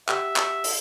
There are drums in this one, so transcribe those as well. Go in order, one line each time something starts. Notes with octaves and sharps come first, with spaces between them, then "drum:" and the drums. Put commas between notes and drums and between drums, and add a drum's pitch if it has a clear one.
G4 E5 F#5, drum: clap
drum: clap
drum: open hi-hat